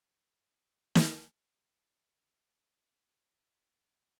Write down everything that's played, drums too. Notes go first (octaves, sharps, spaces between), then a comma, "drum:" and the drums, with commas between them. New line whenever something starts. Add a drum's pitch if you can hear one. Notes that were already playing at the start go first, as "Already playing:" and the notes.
A#4 C#6 D6 G#6
D#5
drum: snare
E4 D#5
C5 E5 F#5 G#5 C#6 D6